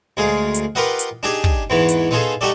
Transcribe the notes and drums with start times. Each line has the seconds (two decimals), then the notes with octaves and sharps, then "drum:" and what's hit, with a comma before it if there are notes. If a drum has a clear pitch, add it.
0.17 D2 G#3 G#4 F5
0.54 drum: hi-hat
0.75 F4 G4 A#4 B4 D#5 F#5
0.99 drum: hi-hat
1.23 D4 D#4 G4 G#4 D5
1.44 drum: kick
1.70 E2 G#2 E3 B3
1.89 drum: hi-hat
2.11 B3 D#4 F4 G#4 A4
2.41 G3 D#4 F#4 G4 A4 D5